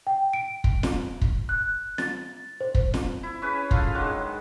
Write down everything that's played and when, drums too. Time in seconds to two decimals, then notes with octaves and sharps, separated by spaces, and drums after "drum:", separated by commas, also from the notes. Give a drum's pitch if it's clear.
0.07 G5
0.33 D7
0.64 drum: kick
0.83 drum: snare
1.21 drum: kick
1.49 F#6
1.98 A6, drum: snare
2.61 C5
2.75 drum: kick
2.94 drum: snare
3.23 E4
3.42 C#4 G#4 B4
3.71 F4 A4 F5, drum: kick
3.95 D#3 F#3 G#3 D4